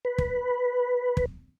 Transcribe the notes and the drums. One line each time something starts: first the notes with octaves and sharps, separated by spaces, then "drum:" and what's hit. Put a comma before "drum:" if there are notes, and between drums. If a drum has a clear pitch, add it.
B4
drum: kick
drum: kick